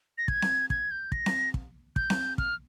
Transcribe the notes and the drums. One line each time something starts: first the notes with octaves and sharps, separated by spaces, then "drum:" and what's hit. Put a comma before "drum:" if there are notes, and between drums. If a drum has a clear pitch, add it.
A#6
G#6, drum: kick
drum: snare C4
G#6, drum: kick
G6
A#6, drum: kick
drum: snare C4
drum: kick
G6, drum: kick
drum: snare C4
F6, drum: kick